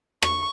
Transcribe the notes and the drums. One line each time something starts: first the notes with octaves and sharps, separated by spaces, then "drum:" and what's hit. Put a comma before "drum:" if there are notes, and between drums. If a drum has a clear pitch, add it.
C#6, drum: rim click